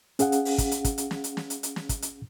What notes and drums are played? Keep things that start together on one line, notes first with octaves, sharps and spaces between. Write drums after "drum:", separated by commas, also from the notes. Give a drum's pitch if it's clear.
C#4 G#4 F5 F#5, drum: hi-hat
drum: hi-hat
drum: open hi-hat
drum: kick, hi-hat
drum: hi-hat
drum: kick, hi-hat
drum: hi-hat
drum: snare
drum: hi-hat
drum: snare
drum: hi-hat
drum: hi-hat
drum: snare
drum: kick, hi-hat
drum: hi-hat